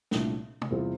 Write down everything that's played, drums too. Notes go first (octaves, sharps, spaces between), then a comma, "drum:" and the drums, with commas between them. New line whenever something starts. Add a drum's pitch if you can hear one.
C2 A#2 A3 D4, drum: snare
drum: tom
E2 C3 G3 C4 F4